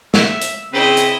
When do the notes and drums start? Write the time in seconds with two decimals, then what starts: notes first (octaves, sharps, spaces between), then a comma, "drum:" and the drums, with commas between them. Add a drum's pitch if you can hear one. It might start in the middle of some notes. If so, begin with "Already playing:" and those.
0.14 E5, drum: snare
0.41 drum: hi-hat
0.73 C#3 C4 E4 B4 D#5
0.97 drum: hi-hat